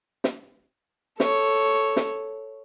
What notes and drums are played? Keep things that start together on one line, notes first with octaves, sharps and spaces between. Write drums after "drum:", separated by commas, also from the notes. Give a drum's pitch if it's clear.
drum: snare
A4 C#5, drum: snare
drum: snare